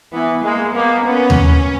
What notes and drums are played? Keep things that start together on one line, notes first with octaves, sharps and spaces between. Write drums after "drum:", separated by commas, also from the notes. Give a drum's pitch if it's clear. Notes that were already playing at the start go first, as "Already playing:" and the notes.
E3 B3
G#3 A#3
A#3 B3
B3 C#4
drum: tom D#2